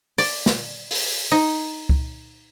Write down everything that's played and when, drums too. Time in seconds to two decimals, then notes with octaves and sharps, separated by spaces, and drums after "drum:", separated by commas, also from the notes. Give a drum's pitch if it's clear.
0.18 D5, drum: open hi-hat
0.46 drum: snare
0.91 drum: open hi-hat
1.32 D#4
1.89 drum: kick C#2